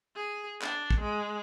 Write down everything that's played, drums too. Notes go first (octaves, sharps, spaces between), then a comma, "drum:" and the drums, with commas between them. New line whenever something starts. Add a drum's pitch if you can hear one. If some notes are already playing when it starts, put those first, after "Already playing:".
G#4
D4, drum: clap
drum: kick
G#3